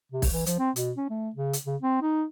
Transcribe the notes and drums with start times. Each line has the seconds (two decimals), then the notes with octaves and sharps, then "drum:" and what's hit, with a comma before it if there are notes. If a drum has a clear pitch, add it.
0.12 C3
0.22 drum: kick, open hi-hat
0.31 E3
0.46 F3, drum: hi-hat
0.59 C4
0.76 B2, drum: hi-hat
0.97 C#4
1.09 A3
1.35 C#3
1.53 drum: hi-hat
1.66 C#3
1.82 C4
2.02 D#4